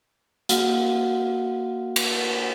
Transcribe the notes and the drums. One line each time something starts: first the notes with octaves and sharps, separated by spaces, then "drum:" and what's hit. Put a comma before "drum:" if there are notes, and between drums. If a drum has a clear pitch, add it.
A#3 F#4 F5 F#5 F6, drum: hi-hat
drum: cymbal